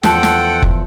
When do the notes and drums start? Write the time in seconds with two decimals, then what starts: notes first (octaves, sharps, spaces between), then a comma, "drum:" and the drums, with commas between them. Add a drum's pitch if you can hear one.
0.03 E2 F3 A4 F#5 G5 A5, drum: snare
0.23 drum: snare
0.62 drum: kick